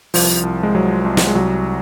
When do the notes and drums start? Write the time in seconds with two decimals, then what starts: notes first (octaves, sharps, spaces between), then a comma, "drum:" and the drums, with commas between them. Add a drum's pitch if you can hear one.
0.14 C2 F3, drum: open hi-hat
0.43 C2
0.63 G#3
0.74 C2 F#3
1.04 C2
1.17 drum: snare
1.27 G#3
1.35 C2 F#3